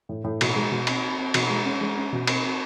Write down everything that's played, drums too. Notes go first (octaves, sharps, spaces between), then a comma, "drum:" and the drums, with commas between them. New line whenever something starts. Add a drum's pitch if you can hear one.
A2
A2
B2, drum: cymbal
G#3
B2
C4, drum: cymbal
C4
C4
B2, drum: cymbal
G#3
C#4
G#3
C#4
B2
C4, drum: cymbal
C4